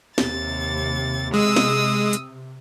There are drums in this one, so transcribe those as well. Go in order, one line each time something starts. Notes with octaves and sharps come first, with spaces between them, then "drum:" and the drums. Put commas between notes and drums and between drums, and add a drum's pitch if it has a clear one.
D#2 C3 A6, drum: snare
G#3 D#6 E6
drum: snare
drum: hi-hat